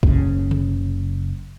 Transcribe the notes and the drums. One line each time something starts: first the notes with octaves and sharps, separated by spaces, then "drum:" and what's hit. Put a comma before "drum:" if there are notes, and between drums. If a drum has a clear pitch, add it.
F#1 C#3, drum: kick
drum: tom C3